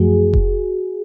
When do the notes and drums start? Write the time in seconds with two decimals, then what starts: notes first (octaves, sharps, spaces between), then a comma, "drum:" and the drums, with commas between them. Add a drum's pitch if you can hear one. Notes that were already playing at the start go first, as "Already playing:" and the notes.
Already playing: F#2 F3 A3 F#4 G#4
0.33 drum: kick F1